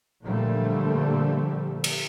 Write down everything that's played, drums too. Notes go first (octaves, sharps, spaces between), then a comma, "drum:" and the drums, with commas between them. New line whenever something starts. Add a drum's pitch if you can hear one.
A#2 D3 F3 G3 A3 A#3
drum: cymbal